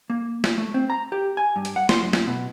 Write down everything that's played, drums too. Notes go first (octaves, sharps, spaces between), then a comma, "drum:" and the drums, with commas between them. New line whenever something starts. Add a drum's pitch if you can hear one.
A#3
drum: snare
A3
C4
A#5
G4
G#5
G2
drum: hi-hat
F#5
C6, drum: snare
F#2
drum: snare
B2